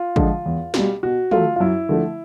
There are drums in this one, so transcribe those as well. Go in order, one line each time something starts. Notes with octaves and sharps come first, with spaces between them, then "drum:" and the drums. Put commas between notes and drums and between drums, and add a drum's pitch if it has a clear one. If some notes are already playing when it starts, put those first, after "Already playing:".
Already playing: F4
D3 F3 G#3, drum: kick
E2
B2 G3, drum: snare
B2 F#4
F#3 A3 F4, drum: tom
F4
F#2 E4
D3 F3 A3